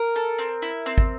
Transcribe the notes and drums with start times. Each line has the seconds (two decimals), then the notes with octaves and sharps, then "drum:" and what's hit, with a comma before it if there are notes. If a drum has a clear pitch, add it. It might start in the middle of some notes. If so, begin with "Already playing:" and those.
Already playing: A#4
0.16 A4
0.38 C4
0.62 E4
0.86 C4
0.98 drum: kick